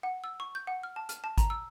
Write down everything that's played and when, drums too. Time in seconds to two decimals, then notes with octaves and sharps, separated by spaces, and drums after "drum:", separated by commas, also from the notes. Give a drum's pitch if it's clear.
0.03 F#5
0.24 E6
0.40 C#6
0.55 G6
0.67 F#5
0.83 F6
0.96 A5
1.09 F6, drum: hi-hat
1.24 A5
1.38 A#5, drum: kick G#1, hi-hat
1.50 E6